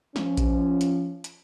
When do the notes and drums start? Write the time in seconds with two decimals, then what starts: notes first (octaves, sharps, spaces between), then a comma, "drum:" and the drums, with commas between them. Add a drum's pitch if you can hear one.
0.16 F3 C#4, drum: snare
0.37 drum: kick A#1, hi-hat
0.81 drum: hi-hat
1.24 drum: hi-hat